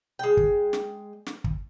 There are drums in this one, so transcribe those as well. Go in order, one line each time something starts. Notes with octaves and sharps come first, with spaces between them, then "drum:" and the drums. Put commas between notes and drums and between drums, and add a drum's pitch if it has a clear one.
G#3 G5
drum: kick
drum: snare
drum: snare
drum: kick